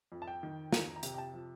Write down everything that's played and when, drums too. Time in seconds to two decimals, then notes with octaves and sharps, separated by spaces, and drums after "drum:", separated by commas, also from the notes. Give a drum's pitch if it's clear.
0.12 F2
0.22 A5
0.27 G5
0.43 D#3
0.73 F2 A#5, drum: snare
0.96 A#5
1.03 C3, drum: hi-hat
1.14 G5
1.18 A5
1.34 F3